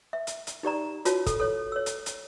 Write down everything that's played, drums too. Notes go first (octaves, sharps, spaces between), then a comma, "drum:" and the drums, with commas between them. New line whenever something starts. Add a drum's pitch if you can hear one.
E5
drum: hi-hat
drum: hi-hat
D#4 G4 D5 A#5
F4 F#4 C#5 A5, drum: hi-hat
A4, drum: kick, hi-hat
A4 C#5
C#5 E6
drum: hi-hat
drum: hi-hat